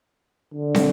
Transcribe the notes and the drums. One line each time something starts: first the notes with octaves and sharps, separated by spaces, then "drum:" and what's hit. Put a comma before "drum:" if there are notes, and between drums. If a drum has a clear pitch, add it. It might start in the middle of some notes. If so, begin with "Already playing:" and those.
D3
drum: snare